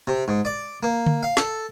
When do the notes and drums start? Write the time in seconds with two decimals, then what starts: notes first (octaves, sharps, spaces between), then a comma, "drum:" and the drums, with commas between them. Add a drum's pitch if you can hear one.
0.07 C3
0.28 G#2
0.45 D5
0.83 A#3
1.06 drum: tom D3
1.23 F5
1.37 A4, drum: snare